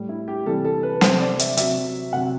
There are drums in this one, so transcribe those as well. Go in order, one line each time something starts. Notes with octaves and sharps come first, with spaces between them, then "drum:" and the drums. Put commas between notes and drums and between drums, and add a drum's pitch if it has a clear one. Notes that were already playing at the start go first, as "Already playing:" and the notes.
Already playing: A2 G3
E4
G4
C3 E3 G3 A4
A4
B4
C3 G3 C5, drum: snare
D5
E5, drum: hi-hat
C3 F#3 E5, drum: hi-hat
C3 F#3 F#5